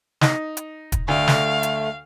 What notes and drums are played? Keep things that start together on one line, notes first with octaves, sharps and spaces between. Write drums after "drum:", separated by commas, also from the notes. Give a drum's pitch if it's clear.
D#4, drum: snare
drum: hi-hat
drum: kick, hi-hat
D2 A3 F5
drum: snare
drum: hi-hat